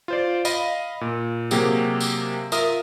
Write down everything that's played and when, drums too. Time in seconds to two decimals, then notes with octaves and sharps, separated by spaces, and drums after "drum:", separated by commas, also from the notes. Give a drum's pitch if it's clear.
0.08 F4 C5 D5
0.45 D#5 F5 B5, drum: tambourine
1.01 A#2
1.51 C3 F#3 A#3 G4 G#4, drum: tambourine
2.00 drum: tambourine
2.52 F4 A#4 E5 D#6, drum: tambourine